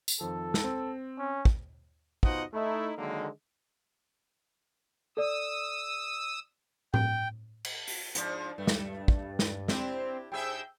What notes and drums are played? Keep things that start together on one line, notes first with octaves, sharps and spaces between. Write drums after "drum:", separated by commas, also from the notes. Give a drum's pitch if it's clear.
drum: tambourine
F2 D#3 F3 A4
drum: snare
C4
C#4
drum: kick
B2 D#4 F4 C5 D#5 F#5, drum: kick
A3 D#4 E4
D3 D#3 F#3 G#3 A#3
A4 D5 D#6 E6
G5, drum: tom A2
drum: cymbal
drum: open hi-hat
G#2 F3 D4, drum: hi-hat
G2 A3
drum: snare
drum: kick
drum: snare
C4 D4 E4 G4, drum: snare
G#2 G#4 E5 G5 E6 G6